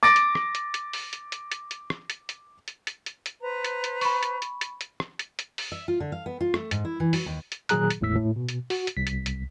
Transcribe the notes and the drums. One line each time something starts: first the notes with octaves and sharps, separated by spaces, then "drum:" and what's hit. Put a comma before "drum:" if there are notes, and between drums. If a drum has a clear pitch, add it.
D6 A6 A#6 D7
drum: hi-hat
drum: rim click
drum: hi-hat
drum: hi-hat
drum: open hi-hat
drum: hi-hat
drum: hi-hat
drum: hi-hat
drum: hi-hat
drum: rim click
drum: hi-hat
drum: hi-hat
drum: hi-hat
drum: hi-hat
drum: hi-hat
drum: hi-hat
B4 C5 A#5
drum: hi-hat
drum: hi-hat
B5 C#6, drum: open hi-hat
drum: hi-hat
drum: hi-hat
drum: hi-hat
drum: hi-hat
drum: rim click
drum: hi-hat
drum: hi-hat
drum: open hi-hat
E5
F4
D3
F5
B3
F4
A3, drum: rim click
G#2, drum: hi-hat
E4
E3
F#3, drum: open hi-hat
D#2
drum: hi-hat
A#2 D#3 F#3 G#4 A#5 F#6, drum: hi-hat
drum: hi-hat
G#1 E2 A2 G#3 E6 B6
A2
B2
drum: hi-hat
F#4, drum: open hi-hat
drum: hi-hat
C2 B6
drum: hi-hat
drum: hi-hat